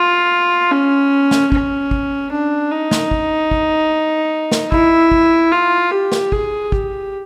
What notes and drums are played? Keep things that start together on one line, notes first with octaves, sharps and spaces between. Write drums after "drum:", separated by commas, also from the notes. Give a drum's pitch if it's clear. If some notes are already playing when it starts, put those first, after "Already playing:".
Already playing: F4
C#4
drum: snare
C#4, drum: kick
drum: kick
D4
D#4
drum: snare
drum: kick
drum: kick
drum: snare
E4, drum: kick
drum: kick
F4
G4
drum: snare
G#4, drum: kick
G4, drum: kick